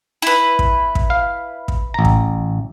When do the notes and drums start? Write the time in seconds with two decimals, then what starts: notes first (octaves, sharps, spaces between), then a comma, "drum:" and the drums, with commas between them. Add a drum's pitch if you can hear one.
0.22 E4 B4
0.59 drum: kick
0.95 drum: kick
1.10 F5
1.68 drum: kick
1.94 A1 A#5
2.05 drum: kick